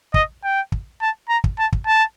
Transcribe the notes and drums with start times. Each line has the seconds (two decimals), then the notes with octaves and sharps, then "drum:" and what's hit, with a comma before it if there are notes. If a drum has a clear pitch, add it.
0.14 D#5, drum: kick
0.43 G5
0.72 drum: kick
1.01 A5
1.29 A#5
1.44 drum: kick
1.58 A5
1.73 drum: kick
1.87 A5